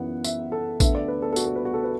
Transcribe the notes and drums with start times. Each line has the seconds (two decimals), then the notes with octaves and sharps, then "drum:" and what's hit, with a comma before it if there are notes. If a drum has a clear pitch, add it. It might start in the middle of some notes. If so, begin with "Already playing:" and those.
Already playing: F#2 E3 B3 F#5
0.24 E5, drum: tambourine
0.52 A4
0.80 D2 D3 B3 E5, drum: kick A1, tambourine
0.95 D5
1.08 B4
1.22 A4
1.33 A4
1.36 F#4, drum: tambourine
1.46 A4
1.56 B4
1.65 F#4
1.74 A4
1.84 B4